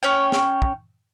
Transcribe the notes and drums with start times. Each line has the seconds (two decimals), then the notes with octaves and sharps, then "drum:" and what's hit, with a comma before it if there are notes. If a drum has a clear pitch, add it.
0.03 C#4 C#5 G5
0.32 drum: snare
0.62 drum: kick